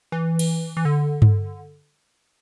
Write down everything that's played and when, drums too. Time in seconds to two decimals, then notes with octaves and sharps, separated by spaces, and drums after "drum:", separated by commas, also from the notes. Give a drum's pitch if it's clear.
0.12 E3
0.39 drum: cymbal
0.77 E3
0.85 D3
1.22 drum: tom G2